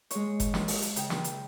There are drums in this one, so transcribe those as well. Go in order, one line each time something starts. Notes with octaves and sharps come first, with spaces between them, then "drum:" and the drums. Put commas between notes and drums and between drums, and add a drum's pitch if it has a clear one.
G#3 C#5, drum: hi-hat
drum: kick F#1, hi-hat
drum: snare
drum: open hi-hat
drum: hi-hat
C#3 G5, drum: hi-hat
drum: snare
drum: hi-hat